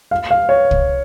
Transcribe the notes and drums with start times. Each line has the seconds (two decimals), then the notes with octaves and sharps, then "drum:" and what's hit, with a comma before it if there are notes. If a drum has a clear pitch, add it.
0.11 F5
0.31 F5
0.49 C#5
0.71 drum: kick